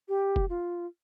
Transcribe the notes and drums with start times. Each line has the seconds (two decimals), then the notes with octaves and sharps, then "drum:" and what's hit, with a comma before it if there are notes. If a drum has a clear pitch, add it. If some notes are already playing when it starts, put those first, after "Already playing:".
0.09 G4
0.36 drum: kick F1
0.49 F4